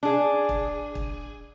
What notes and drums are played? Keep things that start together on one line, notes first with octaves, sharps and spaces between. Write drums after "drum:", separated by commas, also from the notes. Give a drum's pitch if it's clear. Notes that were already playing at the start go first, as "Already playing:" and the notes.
D4 G#4
drum: kick
drum: kick